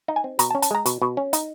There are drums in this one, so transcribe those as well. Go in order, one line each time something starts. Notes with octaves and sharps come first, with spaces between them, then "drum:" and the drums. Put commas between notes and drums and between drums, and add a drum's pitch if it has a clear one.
D#4
G#5
C4
B2 A#5, drum: hi-hat
A5
C#4
A5, drum: hi-hat
G#3 A#5
B2, drum: hi-hat
B2
C#4
D#4, drum: hi-hat